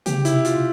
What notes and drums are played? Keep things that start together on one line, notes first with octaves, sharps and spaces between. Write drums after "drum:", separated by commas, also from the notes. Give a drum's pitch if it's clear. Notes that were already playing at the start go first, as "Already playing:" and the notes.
C#3 G4, drum: hi-hat
E4, drum: hi-hat
C3
F4, drum: hi-hat